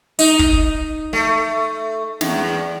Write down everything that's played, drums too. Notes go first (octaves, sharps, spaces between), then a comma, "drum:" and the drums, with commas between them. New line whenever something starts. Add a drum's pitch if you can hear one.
D#4, drum: open hi-hat
drum: kick
A3
E2, drum: snare